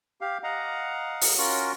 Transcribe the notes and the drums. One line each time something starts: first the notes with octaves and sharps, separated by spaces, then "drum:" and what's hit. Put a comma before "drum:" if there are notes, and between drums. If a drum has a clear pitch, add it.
G4 F5
D#5 F5 F#5 A#5
drum: open hi-hat
C#4 F4 F#4 A#4